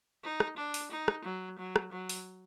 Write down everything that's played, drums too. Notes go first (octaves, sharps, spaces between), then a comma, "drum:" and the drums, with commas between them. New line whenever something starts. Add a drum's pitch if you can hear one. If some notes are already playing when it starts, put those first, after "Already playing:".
D#4
drum: rim click
D4
drum: open hi-hat
D#4
drum: rim click
F#3
F#3
drum: rim click
F#3
drum: open hi-hat